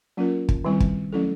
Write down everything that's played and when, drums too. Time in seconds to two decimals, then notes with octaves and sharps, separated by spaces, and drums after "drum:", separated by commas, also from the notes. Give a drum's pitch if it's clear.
0.17 F#3 A#3 C#4 F4 A#4
0.49 drum: kick
0.65 D#3 G3 C4 E4
0.80 drum: kick
1.13 F#3 A3 C#4 E4 A4